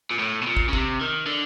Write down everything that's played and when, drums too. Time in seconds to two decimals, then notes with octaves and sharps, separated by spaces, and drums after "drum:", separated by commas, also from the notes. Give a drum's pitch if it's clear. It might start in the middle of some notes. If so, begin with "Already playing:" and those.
0.11 A#2
0.19 A2
0.42 B2
0.47 A#2
0.57 drum: kick
0.68 C#3
0.73 C3, drum: kick
1.01 D#3
1.27 D3